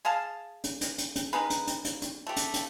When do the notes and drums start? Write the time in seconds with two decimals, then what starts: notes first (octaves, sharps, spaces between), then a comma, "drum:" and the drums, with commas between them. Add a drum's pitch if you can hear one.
0.05 G#4 D#5 F5 A5
0.64 drum: hi-hat
0.81 drum: hi-hat
0.98 drum: hi-hat
1.16 drum: hi-hat
1.33 D#3 D#4 G#4 B4
1.50 drum: hi-hat
1.67 drum: hi-hat
1.85 drum: hi-hat
2.02 drum: hi-hat
2.27 A3 G4
2.36 drum: hi-hat
2.54 drum: hi-hat